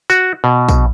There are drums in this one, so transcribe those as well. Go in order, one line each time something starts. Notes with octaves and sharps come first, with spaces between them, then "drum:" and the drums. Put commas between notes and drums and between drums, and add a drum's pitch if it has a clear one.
F#4, drum: tambourine
B2
drum: kick A#1, tambourine